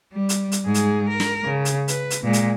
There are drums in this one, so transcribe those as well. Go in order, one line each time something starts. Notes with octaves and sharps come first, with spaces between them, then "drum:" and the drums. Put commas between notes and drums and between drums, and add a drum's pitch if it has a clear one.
G3
drum: hi-hat
drum: hi-hat
G#2 G#4
drum: hi-hat
A#4
drum: snare
C#3
drum: hi-hat
B4, drum: hi-hat
drum: hi-hat
A#2 G#3
drum: hi-hat